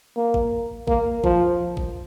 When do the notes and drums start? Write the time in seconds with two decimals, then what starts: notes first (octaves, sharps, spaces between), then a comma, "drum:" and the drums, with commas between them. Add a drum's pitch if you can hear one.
0.16 A#3
0.34 drum: kick G#1
0.87 A#3, drum: kick G#1
1.24 F3, drum: kick G#1
1.77 drum: kick G#1